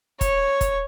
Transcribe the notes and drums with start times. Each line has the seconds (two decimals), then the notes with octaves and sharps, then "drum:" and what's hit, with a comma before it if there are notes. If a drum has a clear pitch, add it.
0.21 C#5, drum: kick, hi-hat
0.61 drum: kick, hi-hat